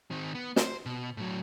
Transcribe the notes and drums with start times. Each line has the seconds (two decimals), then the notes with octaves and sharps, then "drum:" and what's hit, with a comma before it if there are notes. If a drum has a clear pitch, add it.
0.11 D#3 C4
0.35 B3
0.56 C5, drum: snare
0.86 B2
1.17 A2 F#3